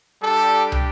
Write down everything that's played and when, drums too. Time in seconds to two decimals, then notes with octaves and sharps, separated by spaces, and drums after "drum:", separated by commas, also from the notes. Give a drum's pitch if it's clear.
0.23 G3 D4 G4 A4
0.72 drum: tom